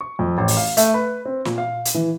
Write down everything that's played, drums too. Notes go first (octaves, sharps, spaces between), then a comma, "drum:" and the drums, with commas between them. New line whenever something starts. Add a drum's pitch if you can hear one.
C#6
F2
A1
drum: open hi-hat
F5
A3, drum: hi-hat
B4
C4
A#2, drum: snare
F5
drum: hi-hat
E3